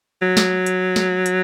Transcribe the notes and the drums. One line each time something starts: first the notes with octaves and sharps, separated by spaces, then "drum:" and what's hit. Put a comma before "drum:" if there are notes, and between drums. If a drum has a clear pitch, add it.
F#3
drum: snare
drum: hi-hat
drum: snare
drum: hi-hat